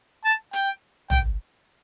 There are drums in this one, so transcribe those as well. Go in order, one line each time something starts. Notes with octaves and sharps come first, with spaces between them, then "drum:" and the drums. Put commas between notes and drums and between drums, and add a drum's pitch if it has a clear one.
A5
G5, drum: hi-hat
G5, drum: tom A1